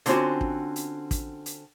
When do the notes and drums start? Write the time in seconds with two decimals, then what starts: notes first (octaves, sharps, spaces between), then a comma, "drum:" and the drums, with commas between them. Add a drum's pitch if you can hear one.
0.06 D3 F3 C4 C#4 F4 F#4, drum: hi-hat
0.41 drum: kick
0.76 drum: hi-hat
1.11 drum: kick, hi-hat
1.46 drum: hi-hat